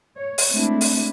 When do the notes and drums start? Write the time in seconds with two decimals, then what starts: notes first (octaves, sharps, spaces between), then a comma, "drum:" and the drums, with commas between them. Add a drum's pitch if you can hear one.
0.16 C#5
0.38 drum: open hi-hat
0.50 G#3 A3 C4 D4 E4
0.81 drum: open hi-hat